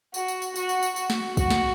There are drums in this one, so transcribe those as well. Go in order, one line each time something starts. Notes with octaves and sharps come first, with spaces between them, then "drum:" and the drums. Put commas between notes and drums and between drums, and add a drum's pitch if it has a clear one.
F#4, drum: tambourine
drum: tambourine
drum: tambourine
F#4, drum: tambourine
drum: tambourine
drum: tambourine
F#4, drum: tambourine
drum: snare
F#4, drum: kick, tambourine
drum: snare